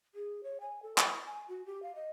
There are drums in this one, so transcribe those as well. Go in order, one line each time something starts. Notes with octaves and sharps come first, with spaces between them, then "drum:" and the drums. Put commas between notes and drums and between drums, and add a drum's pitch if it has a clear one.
G#4
C#5
G#5
A4
C#6, drum: clap
G#5
F#4
G4
F5
D#5